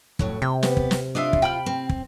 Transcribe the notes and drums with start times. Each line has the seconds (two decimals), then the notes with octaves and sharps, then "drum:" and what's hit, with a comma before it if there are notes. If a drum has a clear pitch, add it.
0.19 F2 A2 F#3, drum: kick
0.42 C3 G5
0.63 B3 G4, drum: snare
0.77 drum: kick
0.91 drum: snare
1.15 D4 E4 F4 D5 D#5 F5
1.33 drum: kick
1.42 F4 G5 B5 F6
1.66 C4
1.89 drum: kick